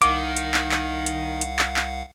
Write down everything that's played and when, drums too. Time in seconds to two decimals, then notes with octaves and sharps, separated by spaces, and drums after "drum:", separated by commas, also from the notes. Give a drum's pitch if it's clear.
0.02 C2 D#3 F5 F#5 D6, drum: hi-hat
0.37 drum: hi-hat
0.54 drum: clap
0.71 drum: clap
1.06 drum: hi-hat
1.41 drum: hi-hat
1.59 drum: clap
1.76 drum: clap